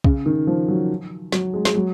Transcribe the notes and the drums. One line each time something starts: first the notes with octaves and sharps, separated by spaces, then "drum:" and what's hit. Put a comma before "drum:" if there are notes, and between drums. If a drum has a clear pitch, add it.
C#3, drum: kick
D#3
F3
F#3
F#3, drum: snare
G#3
G#3, drum: snare
F#3